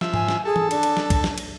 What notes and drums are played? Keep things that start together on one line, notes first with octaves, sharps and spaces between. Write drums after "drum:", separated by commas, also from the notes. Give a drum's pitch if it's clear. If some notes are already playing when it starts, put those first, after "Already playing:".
F3 E5, drum: snare
G#5, drum: tom G#2
drum: snare
G#4 A4
drum: tom E3
D4, drum: cymbal
drum: cymbal
drum: snare
drum: kick, cymbal
drum: snare
drum: cymbal